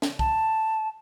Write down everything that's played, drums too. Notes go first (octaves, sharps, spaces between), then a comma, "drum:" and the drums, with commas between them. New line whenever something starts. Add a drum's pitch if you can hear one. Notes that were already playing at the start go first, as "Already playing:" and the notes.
drum: snare
A5, drum: kick